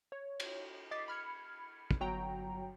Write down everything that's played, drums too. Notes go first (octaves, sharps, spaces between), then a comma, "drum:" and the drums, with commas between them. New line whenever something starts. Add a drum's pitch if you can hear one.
C#5
drum: cymbal
D#5 D6 A6 B6 C7
B5 F6 G#6 C#7
drum: kick
G1 F#3 F#4 G5 A#5